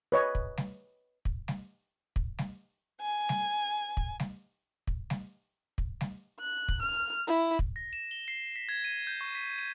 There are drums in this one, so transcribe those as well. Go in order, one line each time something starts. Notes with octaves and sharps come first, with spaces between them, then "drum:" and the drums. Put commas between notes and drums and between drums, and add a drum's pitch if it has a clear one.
B4 C#5 D#5
drum: kick
drum: snare
drum: kick
drum: snare
drum: kick
drum: snare
G#5
drum: snare
drum: kick
drum: snare
drum: kick
drum: snare
drum: kick
drum: snare
F#6
drum: kick
F6
E4
drum: kick
A#6
E7
G7
C7
B6
G#6
D#7
G6
C#6
B6
D#7